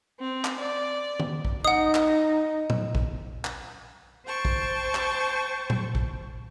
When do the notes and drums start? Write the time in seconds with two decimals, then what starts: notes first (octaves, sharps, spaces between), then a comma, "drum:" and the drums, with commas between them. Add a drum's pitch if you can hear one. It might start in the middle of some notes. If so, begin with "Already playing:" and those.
0.20 C4
0.45 drum: clap
0.59 D5
1.20 drum: tom
1.45 drum: kick
1.65 D#4 D#5 F#5 D#6
1.95 drum: clap
2.70 drum: tom
2.95 drum: kick
3.45 drum: clap
4.26 C5 G5 A5 C#6
4.45 drum: kick
4.95 drum: clap
5.70 drum: tom
5.95 drum: kick